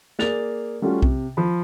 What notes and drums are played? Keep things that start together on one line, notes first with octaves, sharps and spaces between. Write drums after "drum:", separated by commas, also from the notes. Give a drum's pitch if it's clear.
A#3 G#4 D5 A6 F7, drum: snare
G3 A3 C#4 F4 F#4
C3, drum: kick B1
F3 B5